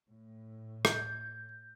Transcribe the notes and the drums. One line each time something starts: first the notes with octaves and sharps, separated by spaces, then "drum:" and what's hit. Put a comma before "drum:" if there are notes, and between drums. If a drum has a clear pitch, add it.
A2
G6, drum: rim click